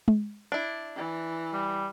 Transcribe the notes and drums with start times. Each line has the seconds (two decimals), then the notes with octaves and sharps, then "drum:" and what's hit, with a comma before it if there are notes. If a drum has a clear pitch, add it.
0.08 drum: tom G#3
0.52 D4 E4
0.96 E3
1.53 G3